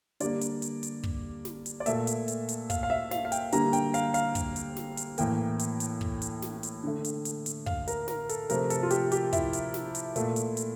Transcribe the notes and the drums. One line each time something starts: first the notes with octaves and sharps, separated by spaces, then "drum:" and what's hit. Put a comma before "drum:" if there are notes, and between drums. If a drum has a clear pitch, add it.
D3 G3 A#3 D5, drum: hi-hat
drum: hi-hat
drum: hi-hat
drum: hi-hat
drum: kick
drum: snare
drum: hi-hat
D5
A#2 A3 E5, drum: hi-hat
drum: hi-hat
drum: hi-hat
drum: hi-hat
F5, drum: kick, hi-hat
F5
E5
F5, drum: snare
F5
G5, drum: hi-hat
D3 G3 A#3 A#5, drum: hi-hat
G5, drum: hi-hat
F5, drum: hi-hat
F5, drum: hi-hat
drum: kick, hi-hat
drum: hi-hat
drum: snare
drum: hi-hat
A2 E3 A#3 G5, drum: hi-hat
drum: hi-hat
drum: hi-hat
drum: kick
drum: hi-hat
drum: snare
drum: hi-hat
D3 A3
drum: hi-hat
drum: hi-hat
drum: hi-hat
F5, drum: kick
A#4, drum: hi-hat
A#4, drum: snare
A4, drum: hi-hat
C3 F3 A3 A#4, drum: hi-hat
A4, drum: hi-hat
F4
G4, drum: hi-hat
G4, drum: hi-hat
E4, drum: kick, hi-hat
drum: hi-hat
drum: snare
drum: hi-hat
A#2 A3, drum: hi-hat
drum: hi-hat
drum: hi-hat